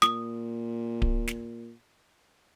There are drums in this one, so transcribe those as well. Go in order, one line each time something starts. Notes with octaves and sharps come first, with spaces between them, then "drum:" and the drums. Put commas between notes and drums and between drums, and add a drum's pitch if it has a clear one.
A#2 D#6, drum: snare
drum: kick D1
drum: snare